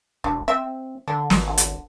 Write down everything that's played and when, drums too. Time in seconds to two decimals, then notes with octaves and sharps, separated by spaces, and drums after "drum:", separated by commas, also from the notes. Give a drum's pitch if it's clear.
0.24 E1 D4
0.48 C4 E5
1.08 D3 D4
1.30 G#1, drum: snare
1.48 D3
1.58 drum: hi-hat